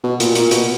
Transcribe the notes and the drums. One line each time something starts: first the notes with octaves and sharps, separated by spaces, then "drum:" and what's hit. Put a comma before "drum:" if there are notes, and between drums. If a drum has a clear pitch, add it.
B2
A#2, drum: hi-hat
A#2, drum: hi-hat
B2, drum: hi-hat